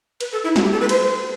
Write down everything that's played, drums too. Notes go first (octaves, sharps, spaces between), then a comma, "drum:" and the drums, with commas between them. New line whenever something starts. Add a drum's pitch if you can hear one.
B4, drum: cymbal
A4
E4
F#4, drum: snare
G4
A4
B4
C5, drum: cymbal